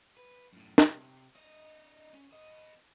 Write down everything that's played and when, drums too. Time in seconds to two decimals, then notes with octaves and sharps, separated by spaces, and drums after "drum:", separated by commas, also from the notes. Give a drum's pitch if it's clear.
0.17 B4
0.53 F#2 A2
0.78 C3, drum: snare
1.35 D4 D#5
2.14 C#4
2.33 C4 D#5